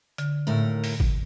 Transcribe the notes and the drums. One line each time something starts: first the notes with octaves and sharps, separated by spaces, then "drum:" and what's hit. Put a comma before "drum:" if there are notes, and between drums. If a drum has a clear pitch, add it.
D3, drum: hi-hat
D#2 A2 A#4
drum: open hi-hat
drum: kick